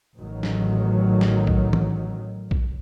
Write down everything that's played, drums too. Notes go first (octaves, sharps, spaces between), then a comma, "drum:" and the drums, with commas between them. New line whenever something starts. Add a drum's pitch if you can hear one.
A1 D#3 F#3
drum: snare
drum: snare
drum: kick B1
drum: tom
drum: kick B1